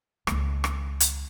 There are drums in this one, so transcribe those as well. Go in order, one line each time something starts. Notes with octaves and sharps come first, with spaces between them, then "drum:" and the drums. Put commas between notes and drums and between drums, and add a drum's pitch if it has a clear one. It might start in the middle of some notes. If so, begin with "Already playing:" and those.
C#2 D#3, drum: rim click
drum: rim click
drum: hi-hat